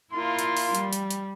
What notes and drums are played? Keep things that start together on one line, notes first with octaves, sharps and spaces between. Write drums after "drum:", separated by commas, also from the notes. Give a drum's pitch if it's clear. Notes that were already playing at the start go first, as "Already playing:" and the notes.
A#3 E4 F4 C6
drum: hi-hat
drum: open hi-hat
G3, drum: hi-hat
drum: hi-hat
drum: hi-hat